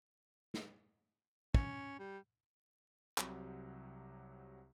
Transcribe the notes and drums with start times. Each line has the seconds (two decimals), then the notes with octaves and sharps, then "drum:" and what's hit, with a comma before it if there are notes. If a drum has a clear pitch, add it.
0.54 drum: snare
1.54 C#4, drum: kick
1.99 G3
3.18 C2 C3 F#3 G4, drum: clap